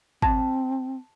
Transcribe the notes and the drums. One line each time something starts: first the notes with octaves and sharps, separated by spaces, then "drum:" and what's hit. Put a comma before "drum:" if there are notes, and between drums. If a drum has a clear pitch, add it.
C4 A5, drum: kick G#1